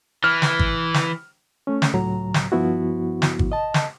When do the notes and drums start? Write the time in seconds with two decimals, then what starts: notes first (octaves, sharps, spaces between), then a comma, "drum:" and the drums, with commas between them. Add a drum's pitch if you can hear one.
0.24 E3 F6
0.42 drum: snare
0.59 drum: kick
0.94 drum: snare
1.67 A3 C#4
1.82 drum: snare
1.93 C#2 A2 F#3 A#5
2.34 drum: snare
2.52 G2 F3 B3 E4 F#4
3.22 drum: snare
3.39 drum: kick
3.52 D#5 A5
3.74 drum: snare